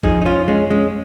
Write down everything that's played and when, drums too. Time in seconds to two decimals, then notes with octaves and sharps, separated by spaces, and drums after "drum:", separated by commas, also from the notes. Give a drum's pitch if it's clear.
0.03 F2 F3 D#4 G#4, drum: kick A1
0.22 D#4
0.25 C#4 F4
0.48 G#3 C#4
0.70 G#3 C#4